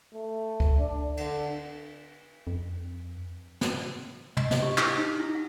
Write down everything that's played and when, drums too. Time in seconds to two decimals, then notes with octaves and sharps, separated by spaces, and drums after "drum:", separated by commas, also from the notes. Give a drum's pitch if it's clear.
0.14 A3
0.60 drum: kick C#2
0.78 D4
1.17 D3, drum: cymbal
2.47 F2
3.61 drum: snare
4.37 D#5, drum: tom
4.51 D#5, drum: snare
4.62 G4
4.78 E4, drum: clap
4.97 D#4
5.20 E4
5.35 F#5